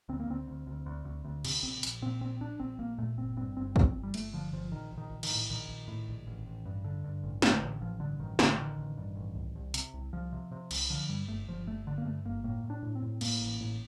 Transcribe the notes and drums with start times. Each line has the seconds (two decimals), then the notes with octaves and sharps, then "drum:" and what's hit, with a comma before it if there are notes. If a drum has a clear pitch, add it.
0.09 D2 C4
0.20 A#3
0.28 D2 C4
0.47 D2
0.67 D2
0.86 D2
1.05 D2
1.24 D2
1.45 C3, drum: cymbal
1.63 A#1 C4
1.83 A#1, drum: hi-hat
2.02 A#2 C4
2.21 A#1 C4
2.40 A#1 D4
2.60 A#1 C4
2.79 A#1 A#3
2.98 A#2 A3
3.17 G1 C4
3.37 G2 C4
3.56 G1 C4
3.76 G1 C4, drum: kick
3.95 G1
4.03 G3
4.14 G1 A3, drum: cymbal
4.33 D3 F3
4.53 G1 F3
4.72 A#1 D#3
4.92 A#1
4.98 D#3
5.10 A#1
5.23 D#3, drum: cymbal
5.30 A2
5.49 A#1 D#3
5.69 A#1
5.88 A2
6.08 A#1
6.27 A1
6.46 A1
6.65 G2
6.84 D3
7.04 G2
7.23 A1
7.42 D3, drum: snare
7.62 A1
7.81 A1 F3
8.00 G2 D3
8.20 A1 D#3
8.39 A1 D3, drum: snare
8.58 D3 D#3
8.78 A1
8.98 G2
9.16 A1
9.35 C2
9.55 C2
9.74 C3, drum: hi-hat
9.94 C2
10.13 C2 F3
10.32 C3
10.51 C3
10.71 C2, drum: cymbal
10.90 D3 F3
11.09 G2 G3
11.28 G1 A3
11.48 G1 F3
11.67 G1 A3
11.87 D3
11.98 A#3
12.05 G2 A3
12.26 G1 A#3
12.44 A2 A#3
12.64 A2
12.70 D4
12.82 A2
12.95 C4
13.02 A2
13.21 A2 A#3, drum: cymbal
13.41 A1
13.61 A2